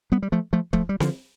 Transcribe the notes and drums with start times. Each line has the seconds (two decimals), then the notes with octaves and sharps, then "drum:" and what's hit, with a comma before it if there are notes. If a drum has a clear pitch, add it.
0.12 G3 B3
0.23 G3
0.32 F3 A3
0.53 F3 A3
0.73 F3 A3, drum: kick
0.89 G3
1.00 D3 F3, drum: snare C4